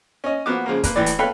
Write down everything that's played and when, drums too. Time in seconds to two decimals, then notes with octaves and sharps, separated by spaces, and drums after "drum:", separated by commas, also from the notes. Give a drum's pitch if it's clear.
0.24 C#4 D#5
0.46 F3 A#3 B3 F#4 D6
0.66 C#3 F3 G#3 A#3
0.83 A#3 B4, drum: kick, hi-hat
0.96 A2 E3 B4 D5
1.06 drum: hi-hat
1.19 A4 B4 C#5 F5 G5 B5